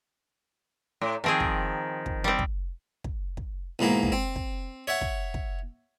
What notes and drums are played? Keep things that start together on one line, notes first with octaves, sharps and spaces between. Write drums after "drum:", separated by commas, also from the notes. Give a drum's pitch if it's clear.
A2
D#3 F3 C4 G#4
drum: kick
drum: kick
G3 C4
drum: kick
drum: kick
drum: kick
B1 G#2 E3 A#3
drum: kick
C4
drum: kick
C#5 E5 F#5
drum: kick
drum: kick